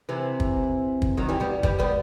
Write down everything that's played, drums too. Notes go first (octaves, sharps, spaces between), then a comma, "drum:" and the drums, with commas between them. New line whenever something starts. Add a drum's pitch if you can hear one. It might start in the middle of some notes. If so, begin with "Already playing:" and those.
C3 E3
drum: kick
drum: kick
D#3 F#3
E3 G3
G3 B3
G3 B3, drum: kick
G3 B3